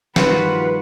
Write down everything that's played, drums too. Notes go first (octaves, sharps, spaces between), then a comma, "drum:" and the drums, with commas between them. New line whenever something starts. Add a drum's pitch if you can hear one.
G2 D#3 F3 F4 F#4 B4, drum: snare